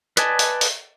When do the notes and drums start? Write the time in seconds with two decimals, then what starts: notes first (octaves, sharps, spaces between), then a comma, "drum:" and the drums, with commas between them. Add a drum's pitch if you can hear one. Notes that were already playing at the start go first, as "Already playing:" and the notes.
0.17 B4 D5 D#5 G#5 A5, drum: hi-hat
0.39 drum: open hi-hat
0.61 drum: open hi-hat